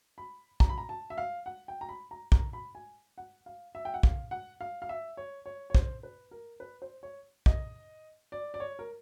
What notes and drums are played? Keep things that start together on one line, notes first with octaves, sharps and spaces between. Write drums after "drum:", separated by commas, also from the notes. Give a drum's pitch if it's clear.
B5
A#5, drum: kick
B5
A#5
A5
E5
F5
F#5
G5
A#5
B5
A#5
A#5, drum: kick
B5
G#5
F#5
F5
E5
G5
F#5
F5, drum: kick
F#5
F5
F5
E5
C#5
C#5
C#5
C5, drum: kick
B4
A#4
B4
C5
C#5
D#5, drum: kick
D5
D5
C#5
A#4